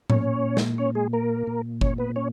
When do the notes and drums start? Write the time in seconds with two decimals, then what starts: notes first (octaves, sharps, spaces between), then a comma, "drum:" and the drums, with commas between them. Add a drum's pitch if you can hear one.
0.10 A#2 C#4 C#5, drum: tom A2
0.57 drum: snare
0.78 C#4 C#5
0.95 G#3 G#4
1.13 A#3 A#4
1.47 A#2
1.81 C#4 C#5, drum: kick G1
1.98 B3 B4
2.16 C#4 C#5